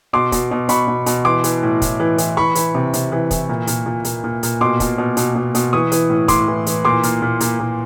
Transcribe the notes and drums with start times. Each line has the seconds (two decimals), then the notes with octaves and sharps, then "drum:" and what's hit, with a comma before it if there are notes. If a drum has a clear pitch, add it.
0.13 B2 C6 D6
0.32 B2, drum: kick, hi-hat
0.51 B2
0.69 B2 B5 C#6, drum: hi-hat
0.88 B2
1.06 B2, drum: hi-hat
1.25 E3 C6 D6
1.44 E3, drum: hi-hat
1.63 A2
1.82 A2, drum: kick, hi-hat
2.00 E3
2.18 E3, drum: hi-hat
2.37 E3 B5 C#6
2.55 E3, drum: hi-hat
2.75 C3
2.93 C3, drum: hi-hat
3.12 E3
3.31 E3, drum: kick, hi-hat
3.49 A#2
3.67 A#2, drum: hi-hat
3.86 A#2
4.05 A#2, drum: hi-hat
4.24 A#2
4.43 A#2, drum: hi-hat
4.61 B2 C6 D6
4.80 B2, drum: kick, hi-hat
4.98 B2
5.17 B2, drum: hi-hat
5.35 B2
5.55 B2, drum: hi-hat
5.73 E3 C#6 D#6
5.92 E3, drum: hi-hat
6.10 A2
6.28 A2 C6 D6, drum: kick, hi-hat
6.48 E3
6.66 E3, drum: hi-hat
6.85 A#2 C6 D6
7.03 A#2, drum: hi-hat
7.22 A#2
7.40 A#2, drum: hi-hat
7.59 A#2